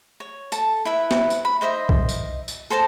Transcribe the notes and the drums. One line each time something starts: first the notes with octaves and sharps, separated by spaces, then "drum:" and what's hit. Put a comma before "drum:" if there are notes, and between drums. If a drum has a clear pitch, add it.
C#5
A4 A5, drum: tambourine
E4 B4 E5
drum: snare
drum: tambourine
B5
D#4 C5 D#5 E5
drum: kick B1
drum: tambourine
drum: tambourine
A4 C5 A5 A#5